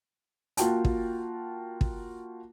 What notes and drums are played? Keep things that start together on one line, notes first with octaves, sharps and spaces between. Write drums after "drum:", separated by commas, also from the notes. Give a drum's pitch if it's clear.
A#3 F4 F#4 G5 A5, drum: hi-hat
drum: kick
drum: kick